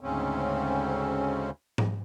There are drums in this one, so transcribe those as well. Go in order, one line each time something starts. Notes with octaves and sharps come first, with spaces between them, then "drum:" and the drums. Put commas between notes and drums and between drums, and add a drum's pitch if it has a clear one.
D2 G#2 C#3 C4 C#4
drum: tom G#2